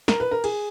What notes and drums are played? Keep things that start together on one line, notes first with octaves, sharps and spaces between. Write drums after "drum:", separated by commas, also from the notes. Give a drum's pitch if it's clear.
A#4, drum: snare
B4
A#4
G#4, drum: cymbal